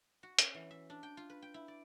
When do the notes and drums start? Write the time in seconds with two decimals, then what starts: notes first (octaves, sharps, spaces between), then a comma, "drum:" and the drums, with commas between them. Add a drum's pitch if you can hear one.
0.23 F#4
0.39 C#4, drum: hi-hat
0.54 E3
0.71 E5
0.90 D4
1.03 G5
1.17 F4
1.30 B4
1.42 G5
1.54 E4
1.68 D5